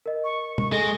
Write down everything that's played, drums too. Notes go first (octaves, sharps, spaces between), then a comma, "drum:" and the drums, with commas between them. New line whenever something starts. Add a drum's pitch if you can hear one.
A#4 D#5
C#6
C#6, drum: tom
G#3 A4 G#5 A#6